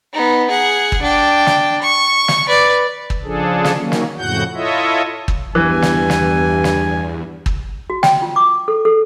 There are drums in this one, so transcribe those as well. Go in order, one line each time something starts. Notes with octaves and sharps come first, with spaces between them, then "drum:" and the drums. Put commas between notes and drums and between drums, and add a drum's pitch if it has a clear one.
B3 D#4
G#4 F#5
drum: kick
D4 G5
drum: snare
C#6
drum: snare
B4 D5
drum: kick
C#3 F3 D4 G#4 A4
drum: snare
D#3 F#3 A#3 C#4
drum: snare
F2 A2 C#3 F#4 F#5 G6
E4 F4 A4 C#5 D#5 E5
drum: kick
E2 G2 E3 G#5
drum: snare
drum: snare
drum: snare
drum: kick
F#4
G5, drum: snare
F4
D6
A4
A4